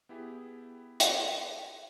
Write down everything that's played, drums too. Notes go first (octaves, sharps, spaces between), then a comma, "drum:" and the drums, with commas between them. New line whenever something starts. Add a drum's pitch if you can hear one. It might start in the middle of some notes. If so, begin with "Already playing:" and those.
B3 E4 G4 G#4
drum: hi-hat